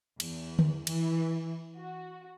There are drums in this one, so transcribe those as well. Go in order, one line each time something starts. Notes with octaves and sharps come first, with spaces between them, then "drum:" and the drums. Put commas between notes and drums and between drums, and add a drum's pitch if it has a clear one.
E2, drum: cymbal
drum: tom D3
E3, drum: cymbal
F#4